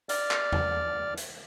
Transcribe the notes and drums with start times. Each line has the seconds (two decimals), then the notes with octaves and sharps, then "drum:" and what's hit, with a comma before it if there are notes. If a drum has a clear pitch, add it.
0.09 D5 F6, drum: hi-hat
0.31 drum: clap
0.53 drum: tom E2
1.18 drum: hi-hat